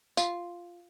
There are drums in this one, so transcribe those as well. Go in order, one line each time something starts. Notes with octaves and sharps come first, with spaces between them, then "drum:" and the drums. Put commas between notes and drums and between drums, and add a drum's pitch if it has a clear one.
F4, drum: tambourine